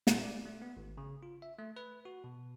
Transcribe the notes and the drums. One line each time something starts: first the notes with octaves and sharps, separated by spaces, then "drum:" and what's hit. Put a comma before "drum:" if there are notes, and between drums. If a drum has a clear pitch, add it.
A#2, drum: snare
D5
A3
B3
G#1
C#3
F4
E5
A3
B4
F#4
B2